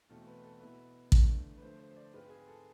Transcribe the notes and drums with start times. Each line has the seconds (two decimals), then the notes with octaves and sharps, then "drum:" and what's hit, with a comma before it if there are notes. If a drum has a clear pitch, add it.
0.09 E2 B2 A3 C4 F4 A4
0.27 B4
0.44 A4
0.60 B2 B3 E4 B4
1.12 E2 D3 A3 D4 F4, drum: kick
1.58 B4
1.62 D3 F3 A3 C5
1.80 C5
1.91 C5
1.96 D5
2.13 G#2 G#3 C4 F4 B4
2.30 G#4
2.48 A4